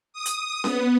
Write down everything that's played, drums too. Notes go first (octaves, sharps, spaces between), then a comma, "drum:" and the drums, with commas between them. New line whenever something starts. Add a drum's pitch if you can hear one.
D#6
drum: hi-hat
B3, drum: snare C#4